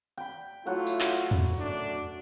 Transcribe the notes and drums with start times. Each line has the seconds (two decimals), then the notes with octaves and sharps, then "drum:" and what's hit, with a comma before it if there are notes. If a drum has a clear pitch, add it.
0.18 G5 B5
0.66 F#3 A3 E4 F4 F#5
0.87 drum: tambourine
1.00 drum: clap
1.31 drum: tom E2
1.59 F#2 A3 D4